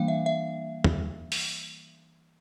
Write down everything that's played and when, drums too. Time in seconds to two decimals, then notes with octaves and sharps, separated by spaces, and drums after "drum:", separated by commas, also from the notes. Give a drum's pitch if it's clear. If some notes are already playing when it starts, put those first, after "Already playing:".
Already playing: E3 G3 A#3 D4 F5 G5
0.08 E5
0.26 E5
0.84 drum: tom E2
1.32 drum: open hi-hat